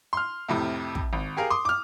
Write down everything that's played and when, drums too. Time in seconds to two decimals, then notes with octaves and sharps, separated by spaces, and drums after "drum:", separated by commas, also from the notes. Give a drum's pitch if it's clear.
0.13 C6 F6
0.49 F2 A2 C3
0.95 drum: kick
1.13 G#1
1.37 G4 G#4 A#4 F5
1.50 C6 D6 D#6
1.65 D6 F6